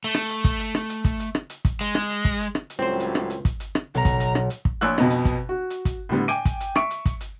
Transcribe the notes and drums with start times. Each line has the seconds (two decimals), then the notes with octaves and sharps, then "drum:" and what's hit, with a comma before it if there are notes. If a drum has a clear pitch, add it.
0.04 A3
0.14 drum: rim click
0.29 drum: hi-hat
0.44 drum: kick, hi-hat
0.59 drum: hi-hat
0.75 drum: rim click
0.90 drum: hi-hat
1.05 drum: kick, hi-hat
1.20 drum: hi-hat
1.35 drum: rim click
1.50 drum: hi-hat
1.65 drum: kick, hi-hat
1.81 G#3, drum: hi-hat
1.95 drum: rim click
2.10 drum: hi-hat
2.25 drum: kick, hi-hat
2.40 drum: hi-hat
2.55 drum: rim click
2.70 drum: hi-hat
2.79 C#2 A2 F#3 G3 C4 C5
3.00 drum: hi-hat
3.15 drum: rim click
3.30 drum: hi-hat
3.45 drum: kick, hi-hat
3.60 drum: hi-hat
3.75 drum: rim click
3.95 B1 A#5
4.05 drum: kick, hi-hat
4.20 drum: hi-hat
4.35 drum: rim click
4.50 drum: hi-hat
4.65 drum: kick
4.81 A#1 C#5 G#5 E6 F#6, drum: hi-hat
4.98 F2 B2 B3 D#5, drum: rim click
5.10 drum: hi-hat
5.25 drum: kick, hi-hat
5.49 F#4
5.70 drum: hi-hat
5.85 drum: kick, hi-hat
6.09 A2 D3 G3 B3
6.28 G5 G#5 D6 D7 D#7, drum: hi-hat
6.45 drum: kick, hi-hat
6.60 drum: hi-hat
6.75 E5 C#6 D7, drum: rim click
6.90 drum: hi-hat
7.06 drum: kick, hi-hat
7.21 drum: hi-hat